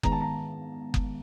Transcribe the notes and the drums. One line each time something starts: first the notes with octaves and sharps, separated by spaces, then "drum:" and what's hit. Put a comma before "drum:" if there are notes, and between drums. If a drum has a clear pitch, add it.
D#3 G#3 B3 A#5, drum: kick F#1
A5
A#5
drum: kick F#1